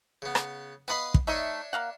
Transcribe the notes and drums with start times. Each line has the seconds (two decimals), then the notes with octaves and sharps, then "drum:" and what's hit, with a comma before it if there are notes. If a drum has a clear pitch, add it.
0.22 C#3 B3
0.35 drum: rim click
0.88 B3 B4 D#5 F5 B5
1.14 drum: kick
1.27 A3 D4 D#4 C#5 D#5 E5
1.73 A#3 F5 F#5